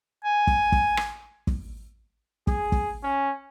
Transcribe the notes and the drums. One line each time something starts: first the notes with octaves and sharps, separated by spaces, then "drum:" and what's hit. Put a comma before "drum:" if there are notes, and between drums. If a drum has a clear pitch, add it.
G#5
drum: kick
drum: kick
drum: rim click
drum: kick
G#4, drum: kick
drum: kick
C#4